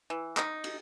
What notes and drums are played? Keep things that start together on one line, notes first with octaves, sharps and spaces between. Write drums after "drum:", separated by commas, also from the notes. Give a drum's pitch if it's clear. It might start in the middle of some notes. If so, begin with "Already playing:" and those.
E3
D#4, drum: clap
drum: cymbal